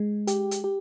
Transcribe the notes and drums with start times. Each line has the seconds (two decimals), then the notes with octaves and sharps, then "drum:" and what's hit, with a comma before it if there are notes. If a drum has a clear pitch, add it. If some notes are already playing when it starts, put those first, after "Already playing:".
Already playing: G#3
0.27 G4, drum: hi-hat
0.51 drum: hi-hat
0.64 G4